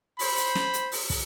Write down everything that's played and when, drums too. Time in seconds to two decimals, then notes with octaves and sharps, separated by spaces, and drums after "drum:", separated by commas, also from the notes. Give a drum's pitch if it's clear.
0.19 C5 B5, drum: open hi-hat
0.37 drum: hi-hat
0.55 drum: snare
0.74 drum: hi-hat
0.92 drum: open hi-hat
1.10 drum: kick, open hi-hat